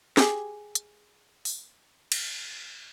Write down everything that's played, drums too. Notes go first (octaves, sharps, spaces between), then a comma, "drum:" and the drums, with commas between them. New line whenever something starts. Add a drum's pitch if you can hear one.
G4 G#4, drum: snare
drum: hi-hat
drum: open hi-hat
drum: cymbal